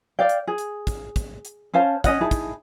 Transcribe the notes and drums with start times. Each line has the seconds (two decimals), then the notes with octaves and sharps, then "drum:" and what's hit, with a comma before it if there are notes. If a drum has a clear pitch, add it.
0.19 D5 F5 G5
0.29 drum: hi-hat
0.47 G#4
0.58 drum: hi-hat
0.87 drum: kick, hi-hat
1.16 drum: kick, hi-hat
1.45 drum: hi-hat
1.74 C#4 C5 F5 A5
2.04 C#4 D#5 F#5, drum: kick, hi-hat
2.21 D#4 E4 G#4 A5
2.31 drum: kick, hi-hat